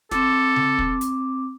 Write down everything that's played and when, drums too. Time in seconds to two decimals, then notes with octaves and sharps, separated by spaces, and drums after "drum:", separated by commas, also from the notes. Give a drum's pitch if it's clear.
0.11 C4 A4 D6, drum: snare
0.56 drum: tom C#3
0.79 drum: kick
1.01 drum: hi-hat